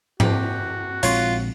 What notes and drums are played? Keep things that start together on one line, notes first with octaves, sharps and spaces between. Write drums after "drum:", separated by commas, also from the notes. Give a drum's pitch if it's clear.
C3 F#4 G4, drum: tom G#2
A#1 G#3 C4 F4 C#5 C6, drum: hi-hat